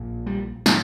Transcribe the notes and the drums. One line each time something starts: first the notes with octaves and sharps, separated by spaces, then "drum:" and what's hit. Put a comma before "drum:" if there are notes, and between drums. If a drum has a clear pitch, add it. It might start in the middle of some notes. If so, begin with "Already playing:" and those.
Already playing: A#1 A#2
G3
A#2 D#3, drum: snare